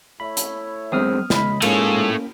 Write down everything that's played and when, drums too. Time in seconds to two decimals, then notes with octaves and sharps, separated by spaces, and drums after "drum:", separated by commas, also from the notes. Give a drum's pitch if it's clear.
0.20 A3 E4 C#5 B5
0.37 drum: hi-hat
0.92 F#2 G#3 B3 C4 D#6 F6
1.30 C#2 D#5 B5, drum: snare
1.62 G#2 A3 A#3 C#4 F4 G#4 C#5, drum: cymbal